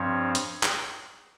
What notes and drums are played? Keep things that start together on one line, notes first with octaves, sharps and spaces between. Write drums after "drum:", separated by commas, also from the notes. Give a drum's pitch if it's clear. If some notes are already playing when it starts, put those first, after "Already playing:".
Already playing: G2 F3 C4 C#5
drum: hi-hat
drum: clap